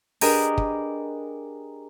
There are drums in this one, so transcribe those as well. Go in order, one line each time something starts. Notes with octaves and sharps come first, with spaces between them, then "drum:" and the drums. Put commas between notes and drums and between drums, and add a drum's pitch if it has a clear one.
D4 G4 G#4 A#4 B4 D#5, drum: open hi-hat
drum: kick